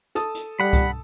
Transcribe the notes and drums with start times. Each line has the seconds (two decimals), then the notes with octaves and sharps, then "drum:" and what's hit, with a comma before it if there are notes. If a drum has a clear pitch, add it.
0.15 A4 A5 D#6, drum: hi-hat
0.35 drum: hi-hat
0.60 G3 F#5 B5
0.73 drum: kick C2, hi-hat